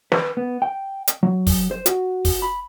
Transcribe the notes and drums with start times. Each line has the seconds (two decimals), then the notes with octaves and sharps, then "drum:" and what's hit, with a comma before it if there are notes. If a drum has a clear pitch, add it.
0.12 B4, drum: snare
0.37 B3
0.62 G5
1.08 drum: hi-hat
1.23 F#3
1.47 drum: kick, open hi-hat
1.71 C5
1.86 F#4, drum: hi-hat
2.25 drum: kick, open hi-hat
2.42 B5